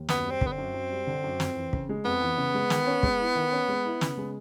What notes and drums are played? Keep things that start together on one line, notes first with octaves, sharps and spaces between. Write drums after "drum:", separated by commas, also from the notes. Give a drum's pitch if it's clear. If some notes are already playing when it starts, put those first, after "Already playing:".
Already playing: D#2
F#2 B3, drum: snare
G3
C4
D3, drum: kick
B3
C4
F#2
F#2
G3
D3
F#2
F2, drum: snare
E3
C#3, drum: kick
G#3
F2 B3
E3
C#3
G#3
D#3, drum: snare
C#4
G#3, drum: kick
E4
D#3
C#4
G#3
E4
C#3, drum: snare
G#3